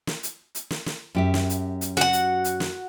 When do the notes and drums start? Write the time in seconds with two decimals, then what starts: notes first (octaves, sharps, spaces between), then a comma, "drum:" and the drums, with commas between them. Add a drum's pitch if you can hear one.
0.07 drum: snare
0.23 drum: hi-hat
0.55 drum: hi-hat
0.70 drum: snare
0.86 drum: snare
1.15 F#2 G4 E5
1.34 drum: snare
1.50 drum: hi-hat
1.81 drum: hi-hat
1.97 F#4 F#5, drum: snare
2.13 drum: hi-hat
2.44 drum: hi-hat
2.60 drum: snare